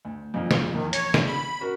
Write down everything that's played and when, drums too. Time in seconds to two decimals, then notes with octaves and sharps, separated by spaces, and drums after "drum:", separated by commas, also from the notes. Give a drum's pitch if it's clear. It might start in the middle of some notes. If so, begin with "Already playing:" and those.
0.05 D2
0.34 F2 A#2 F3
0.51 drum: snare
0.74 A#1 E2 D#3
0.93 C#5, drum: hi-hat
1.14 drum: snare
1.26 B5
1.61 F#4 A#4